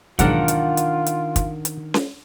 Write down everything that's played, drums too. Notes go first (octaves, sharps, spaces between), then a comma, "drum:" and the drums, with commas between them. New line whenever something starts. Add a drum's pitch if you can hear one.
B1 E2 G#2 D#3 D4 F4 A#4 F#5, drum: kick, hi-hat
drum: hi-hat
drum: hi-hat
drum: hi-hat
drum: kick, hi-hat
drum: hi-hat
drum: snare C#4